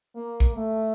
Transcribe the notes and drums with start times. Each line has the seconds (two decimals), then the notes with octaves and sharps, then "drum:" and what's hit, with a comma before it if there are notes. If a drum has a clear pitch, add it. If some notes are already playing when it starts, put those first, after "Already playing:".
0.16 A#3
0.40 drum: kick
0.56 A3